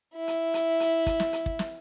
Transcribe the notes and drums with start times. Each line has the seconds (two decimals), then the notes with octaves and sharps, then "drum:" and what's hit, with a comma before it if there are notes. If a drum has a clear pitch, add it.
0.15 E4
0.28 drum: hi-hat
0.54 drum: hi-hat
0.80 drum: hi-hat
1.06 drum: kick, hi-hat
1.20 drum: snare
1.33 drum: hi-hat
1.46 drum: kick
1.59 drum: snare